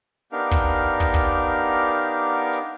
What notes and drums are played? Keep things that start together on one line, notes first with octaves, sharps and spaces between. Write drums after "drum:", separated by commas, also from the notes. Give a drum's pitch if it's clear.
B3 D4 D#4 G4 A#4 F5
drum: kick
drum: kick
drum: kick
drum: hi-hat